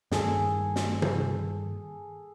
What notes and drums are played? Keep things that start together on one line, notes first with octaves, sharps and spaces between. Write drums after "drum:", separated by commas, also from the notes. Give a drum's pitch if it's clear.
G2 D#3 A#3 G#4 A4, drum: snare
drum: snare
drum: tom